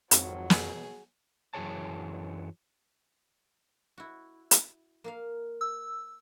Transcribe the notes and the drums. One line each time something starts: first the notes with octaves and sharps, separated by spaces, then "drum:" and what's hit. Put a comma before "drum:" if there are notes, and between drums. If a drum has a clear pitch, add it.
G#1 F2 F#3, drum: hi-hat
B2 G#4, drum: snare
F#2 E3 F#3 G#4 C#5 A5
E4 F#4
drum: hi-hat
A#3 A#4 F5
E6